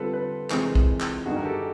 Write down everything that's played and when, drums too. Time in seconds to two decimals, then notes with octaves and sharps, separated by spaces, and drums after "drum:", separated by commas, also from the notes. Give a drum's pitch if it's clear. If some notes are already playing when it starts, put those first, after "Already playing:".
Already playing: D3 G3 C4 F4 A4 B4
0.13 A4 B4
0.50 F2 C3 E3 G#3 C4 G#4 A#4, drum: clap
0.75 drum: kick
1.00 drum: clap
1.25 G1 G2 D#3 F#4 G#4
1.36 A#4
1.44 G4 A4